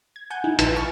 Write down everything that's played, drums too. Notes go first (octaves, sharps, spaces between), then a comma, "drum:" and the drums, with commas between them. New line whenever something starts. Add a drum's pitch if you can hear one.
G#6
F#5 G#5 G6 G#6
D#4 E4
A#1 E4 F4 B4 A5, drum: hi-hat
G#5 A5 C#6 F6